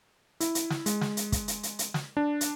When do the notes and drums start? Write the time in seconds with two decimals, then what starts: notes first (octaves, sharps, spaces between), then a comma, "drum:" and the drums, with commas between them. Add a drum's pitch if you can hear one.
0.40 E4, drum: hi-hat
0.55 drum: hi-hat
0.70 drum: snare
0.86 G#3, drum: hi-hat
1.01 drum: snare
1.17 drum: hi-hat
1.32 drum: kick, hi-hat
1.48 drum: hi-hat
1.63 drum: hi-hat
1.79 drum: hi-hat
1.94 drum: snare
2.17 D4
2.41 drum: hi-hat